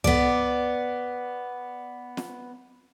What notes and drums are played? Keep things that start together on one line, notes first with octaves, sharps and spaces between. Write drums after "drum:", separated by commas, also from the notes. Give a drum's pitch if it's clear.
B3 D5, drum: tom C2
drum: snare